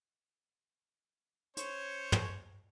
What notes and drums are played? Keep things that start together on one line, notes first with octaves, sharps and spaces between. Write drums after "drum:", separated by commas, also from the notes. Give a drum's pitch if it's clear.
C#4 C5 C#5, drum: hi-hat
drum: tom